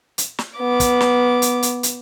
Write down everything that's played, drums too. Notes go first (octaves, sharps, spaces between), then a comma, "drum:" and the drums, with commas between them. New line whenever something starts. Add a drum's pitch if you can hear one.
drum: hi-hat
drum: snare
B3 D6
drum: kick, hi-hat
drum: snare
drum: hi-hat
drum: hi-hat
drum: hi-hat